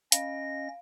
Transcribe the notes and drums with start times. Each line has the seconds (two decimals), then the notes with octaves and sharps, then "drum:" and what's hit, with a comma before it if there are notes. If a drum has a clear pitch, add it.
0.12 C#4 D#5 F5 A#6, drum: hi-hat